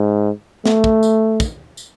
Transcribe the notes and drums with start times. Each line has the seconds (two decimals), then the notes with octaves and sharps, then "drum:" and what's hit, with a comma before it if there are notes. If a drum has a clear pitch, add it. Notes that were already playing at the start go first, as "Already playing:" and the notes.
Already playing: G#2
0.65 A3, drum: snare
0.84 drum: kick
1.03 drum: tambourine
1.40 drum: kick, tambourine
1.77 drum: tambourine